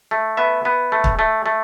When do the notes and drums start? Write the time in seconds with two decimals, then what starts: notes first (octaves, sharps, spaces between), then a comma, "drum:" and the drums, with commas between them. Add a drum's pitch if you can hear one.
0.11 A3
0.37 B3 E5
0.65 B3
0.92 A3
1.04 drum: kick
1.19 A3
1.46 A3